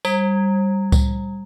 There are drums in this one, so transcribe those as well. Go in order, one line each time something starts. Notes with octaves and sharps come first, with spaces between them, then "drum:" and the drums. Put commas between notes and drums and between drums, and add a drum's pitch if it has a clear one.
G3, drum: tambourine
drum: kick C#2, tambourine